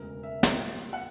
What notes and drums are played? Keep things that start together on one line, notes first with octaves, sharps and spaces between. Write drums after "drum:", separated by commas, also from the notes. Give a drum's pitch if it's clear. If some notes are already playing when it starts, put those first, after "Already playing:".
Already playing: E1 D2 C#3 A#4
E5
C2 A#2 G3, drum: snare
F#5